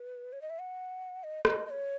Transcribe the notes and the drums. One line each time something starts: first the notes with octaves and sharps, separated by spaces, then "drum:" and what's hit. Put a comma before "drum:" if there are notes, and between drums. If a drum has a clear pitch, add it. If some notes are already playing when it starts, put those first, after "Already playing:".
Already playing: B4
C#5
D#5
E5
F#5
D#5
D#5, drum: rim click
D#5
C#5